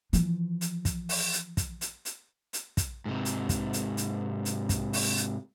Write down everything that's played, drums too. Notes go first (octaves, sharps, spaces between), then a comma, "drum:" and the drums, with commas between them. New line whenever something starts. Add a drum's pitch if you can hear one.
E3 F3, drum: hi-hat
drum: hi-hat
drum: kick, hi-hat
drum: open hi-hat
drum: hi-hat
drum: kick, hi-hat
drum: hi-hat
drum: hi-hat
drum: hi-hat
drum: kick, hi-hat
G#2 C3
drum: hi-hat
drum: kick, hi-hat
drum: hi-hat
drum: hi-hat
drum: hi-hat
drum: kick, hi-hat
drum: open hi-hat
drum: hi-hat